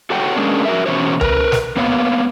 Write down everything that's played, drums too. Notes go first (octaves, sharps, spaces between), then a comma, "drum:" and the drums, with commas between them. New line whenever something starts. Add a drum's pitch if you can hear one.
F#4 A4 C#5 F#5 G5
G#3 A#3 C#4 D4
F#4 A#4 E5
B2 E3 C#4 F#4 C5 C#5
A#4 B4, drum: tom C#2
drum: snare
A#3 B3 C#5 F5